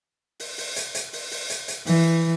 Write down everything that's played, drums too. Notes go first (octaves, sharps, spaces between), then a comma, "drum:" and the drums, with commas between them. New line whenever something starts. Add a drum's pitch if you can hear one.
drum: open hi-hat
drum: open hi-hat
drum: hi-hat
drum: hi-hat
drum: open hi-hat
drum: open hi-hat
drum: hi-hat
drum: hi-hat
E3, drum: open hi-hat